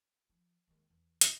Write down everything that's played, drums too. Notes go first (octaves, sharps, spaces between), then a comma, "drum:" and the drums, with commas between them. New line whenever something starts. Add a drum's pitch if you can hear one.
F3
D#2 G#3
E2
drum: hi-hat